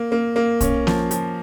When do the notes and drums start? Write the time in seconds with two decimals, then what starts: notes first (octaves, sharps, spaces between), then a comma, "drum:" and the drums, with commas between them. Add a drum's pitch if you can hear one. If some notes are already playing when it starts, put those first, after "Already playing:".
Already playing: A#3
0.12 A#3
0.36 A#3
0.61 C#4, drum: kick, hi-hat
0.87 F3, drum: snare A#3
1.11 F3, drum: hi-hat